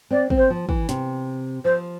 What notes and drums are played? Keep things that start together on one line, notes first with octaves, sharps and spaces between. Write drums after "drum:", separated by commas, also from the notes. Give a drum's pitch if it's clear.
C4 D5
C4, drum: kick
C5
F3
E3, drum: kick
C3, drum: snare
F3 C5